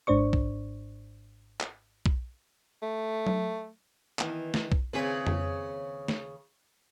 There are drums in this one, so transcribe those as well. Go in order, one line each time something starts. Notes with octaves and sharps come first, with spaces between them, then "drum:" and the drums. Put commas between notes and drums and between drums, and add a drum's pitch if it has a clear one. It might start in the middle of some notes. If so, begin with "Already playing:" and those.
G#1 G#2 D4 C5 D5 C#6
drum: kick B1
drum: clap
drum: kick B1
A3
drum: tom F#3
D#3 E3 B3, drum: clap
drum: snare
drum: kick B1
D#2 C#3 C4 G#4 B4
drum: tom F2
drum: snare